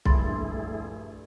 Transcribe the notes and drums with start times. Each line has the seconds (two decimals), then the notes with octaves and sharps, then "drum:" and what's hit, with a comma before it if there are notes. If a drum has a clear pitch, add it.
0.05 A#1 G2 A3 E4 G#4 B5 C6 A6, drum: kick B1